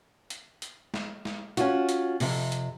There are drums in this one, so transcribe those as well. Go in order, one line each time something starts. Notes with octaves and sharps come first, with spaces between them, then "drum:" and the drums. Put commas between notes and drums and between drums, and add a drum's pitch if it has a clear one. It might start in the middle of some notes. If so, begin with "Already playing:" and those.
drum: hi-hat
drum: hi-hat
drum: snare
drum: snare
C#4 F4 F#4, drum: hi-hat
drum: hi-hat
F2 C3, drum: open hi-hat
drum: hi-hat